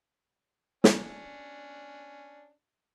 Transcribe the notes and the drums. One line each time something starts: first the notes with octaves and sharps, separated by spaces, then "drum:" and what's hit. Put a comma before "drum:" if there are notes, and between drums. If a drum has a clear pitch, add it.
C#4 D4, drum: snare